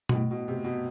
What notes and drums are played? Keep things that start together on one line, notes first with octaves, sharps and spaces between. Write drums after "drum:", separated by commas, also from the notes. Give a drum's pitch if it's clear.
B2, drum: tom B2
A2
B2
C3
B2